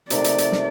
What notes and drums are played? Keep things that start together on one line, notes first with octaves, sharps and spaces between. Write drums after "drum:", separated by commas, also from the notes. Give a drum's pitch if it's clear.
C3 D#3 A3 D5, drum: hi-hat
drum: hi-hat
drum: hi-hat
drum: snare